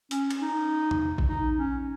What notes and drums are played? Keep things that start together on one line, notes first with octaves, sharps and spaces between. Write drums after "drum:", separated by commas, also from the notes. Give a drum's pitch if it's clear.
C#4, drum: hi-hat
drum: cymbal
D#4
drum: tom
drum: kick A#1
D#4
C#4